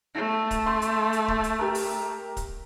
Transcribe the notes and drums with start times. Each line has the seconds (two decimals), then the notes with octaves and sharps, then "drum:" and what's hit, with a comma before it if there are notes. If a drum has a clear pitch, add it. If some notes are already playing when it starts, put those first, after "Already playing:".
0.15 A3
0.51 drum: kick D1, hi-hat
0.66 C6
0.82 drum: hi-hat
1.13 drum: hi-hat
1.28 drum: kick D1
1.44 drum: hi-hat
1.59 G4 A#4
1.75 drum: open hi-hat
2.37 drum: kick D1, hi-hat